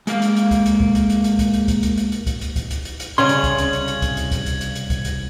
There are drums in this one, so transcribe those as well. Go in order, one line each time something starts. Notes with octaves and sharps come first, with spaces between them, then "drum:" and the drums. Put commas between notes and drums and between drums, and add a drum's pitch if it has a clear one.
G#3 A#3 F5, drum: hi-hat
drum: hi-hat
drum: hi-hat
drum: kick, hi-hat
drum: hi-hat
drum: kick
drum: hi-hat
drum: hi-hat
drum: hi-hat
drum: kick, hi-hat
drum: hi-hat
drum: kick, hi-hat
drum: hi-hat
drum: hi-hat
drum: hi-hat
drum: kick, hi-hat
drum: hi-hat
drum: kick, hi-hat
drum: hi-hat
drum: hi-hat
drum: hi-hat
C2 C#3 C#4 C#5 C6 G#6 F#7
drum: hi-hat
drum: kick, hi-hat
drum: hi-hat
drum: hi-hat
drum: hi-hat
drum: kick, hi-hat
drum: hi-hat
drum: kick, hi-hat
drum: hi-hat
drum: hi-hat
drum: hi-hat
drum: kick, hi-hat
drum: hi-hat